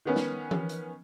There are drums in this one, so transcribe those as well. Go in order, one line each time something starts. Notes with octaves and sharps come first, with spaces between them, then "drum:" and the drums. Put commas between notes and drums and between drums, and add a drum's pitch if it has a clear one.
D#3 B3 C#4
drum: snare
drum: tom E3
drum: hi-hat